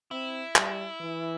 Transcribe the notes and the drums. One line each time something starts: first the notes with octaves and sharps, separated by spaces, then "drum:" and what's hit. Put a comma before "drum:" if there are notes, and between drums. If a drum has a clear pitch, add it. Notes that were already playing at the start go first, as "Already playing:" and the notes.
C4 E4
G3, drum: clap
E3